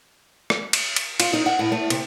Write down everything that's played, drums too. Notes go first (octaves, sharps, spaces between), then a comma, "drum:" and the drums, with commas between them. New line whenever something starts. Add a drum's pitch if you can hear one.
drum: rim click
drum: cymbal
drum: cymbal
F4, drum: cymbal
D#4
F#5
A2
A3
C3, drum: cymbal